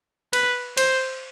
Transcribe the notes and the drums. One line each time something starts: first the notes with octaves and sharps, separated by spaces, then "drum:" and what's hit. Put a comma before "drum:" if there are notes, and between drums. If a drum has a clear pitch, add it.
B4, drum: cymbal
C5, drum: cymbal